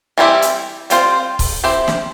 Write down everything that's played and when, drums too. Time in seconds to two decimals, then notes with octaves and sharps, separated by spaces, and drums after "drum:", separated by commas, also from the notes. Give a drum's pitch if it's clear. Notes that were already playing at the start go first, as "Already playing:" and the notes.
0.18 E3 G3 C4 E4 G4
0.42 drum: hi-hat
0.90 G3 C4 F4 C5, drum: hi-hat
1.39 drum: kick C#1, open hi-hat
1.64 C4 E4 G4 C5
1.88 drum: snare